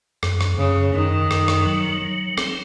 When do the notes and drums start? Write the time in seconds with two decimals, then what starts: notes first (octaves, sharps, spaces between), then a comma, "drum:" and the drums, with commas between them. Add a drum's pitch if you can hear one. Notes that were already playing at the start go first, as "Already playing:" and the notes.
0.23 F#2, drum: rim click
0.41 drum: rim click
0.58 F#2 C#3
0.94 F#2 D#3
1.31 F#2, drum: rim click
1.48 drum: rim click
1.66 F#3
2.02 F#3
2.38 C4, drum: rim click